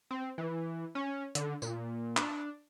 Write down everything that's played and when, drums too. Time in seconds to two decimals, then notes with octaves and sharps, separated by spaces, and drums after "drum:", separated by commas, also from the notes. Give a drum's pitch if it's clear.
0.11 C4
0.38 E3
0.95 C#4
1.35 D3, drum: hi-hat
1.62 A#2, drum: tambourine
2.17 D4, drum: clap